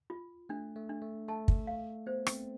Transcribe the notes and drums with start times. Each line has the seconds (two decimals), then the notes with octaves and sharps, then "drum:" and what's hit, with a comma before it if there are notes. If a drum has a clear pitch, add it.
0.10 F4
0.49 A3 D4
0.76 A3
0.89 D4
1.02 A3
1.28 A3 A5
1.48 drum: kick
1.67 F5
2.07 B3 C5
2.27 C4, drum: rim click